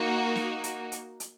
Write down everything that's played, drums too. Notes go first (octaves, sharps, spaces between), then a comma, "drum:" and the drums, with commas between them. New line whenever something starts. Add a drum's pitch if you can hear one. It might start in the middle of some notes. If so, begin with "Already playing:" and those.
Already playing: A#3 D#4 F#4
drum: snare
drum: hi-hat
drum: hi-hat
drum: hi-hat